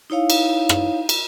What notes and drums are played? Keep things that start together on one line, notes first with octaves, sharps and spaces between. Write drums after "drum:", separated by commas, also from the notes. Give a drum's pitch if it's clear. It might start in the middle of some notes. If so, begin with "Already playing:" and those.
D#4 E4 C#5 F5
drum: cymbal
drum: rim click
drum: cymbal